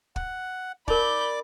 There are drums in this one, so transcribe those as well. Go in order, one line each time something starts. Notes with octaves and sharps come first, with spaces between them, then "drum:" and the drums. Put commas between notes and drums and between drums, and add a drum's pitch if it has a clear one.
F#5, drum: kick
D#4 A#4 D5 B5 D6 G6, drum: kick